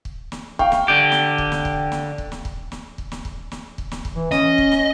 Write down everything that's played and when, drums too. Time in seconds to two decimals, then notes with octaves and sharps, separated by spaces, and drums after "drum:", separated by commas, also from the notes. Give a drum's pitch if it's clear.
0.05 drum: kick
0.32 drum: snare
0.59 F5 G5 C#6, drum: kick
0.72 drum: snare
0.88 D3 G4
1.12 drum: snare
1.38 drum: kick
1.52 drum: snare
1.65 drum: kick
1.92 drum: snare
2.18 drum: kick
2.32 drum: snare
2.45 drum: kick
2.72 drum: snare
2.98 drum: kick
3.12 drum: snare
3.25 drum: kick
3.52 drum: snare
3.78 drum: kick
3.92 drum: snare
4.05 drum: kick
4.16 E3
4.31 C#4 D#5, drum: snare
4.58 drum: kick
4.71 drum: snare